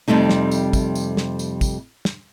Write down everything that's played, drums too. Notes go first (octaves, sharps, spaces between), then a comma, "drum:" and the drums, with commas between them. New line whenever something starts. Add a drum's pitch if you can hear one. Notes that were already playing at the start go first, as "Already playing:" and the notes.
F2 C3 G3 A3 D#4
drum: snare
drum: tambourine
drum: kick, tambourine
drum: tambourine
drum: snare
drum: tambourine
drum: kick, tambourine
drum: snare